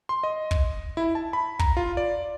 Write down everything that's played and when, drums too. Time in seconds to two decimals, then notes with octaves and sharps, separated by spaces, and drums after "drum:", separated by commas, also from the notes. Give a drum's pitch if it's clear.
0.09 C6
0.23 D#5
0.51 drum: kick
0.97 E4
1.15 A5
1.33 B5
1.59 A#5, drum: kick
1.77 F4
1.97 D5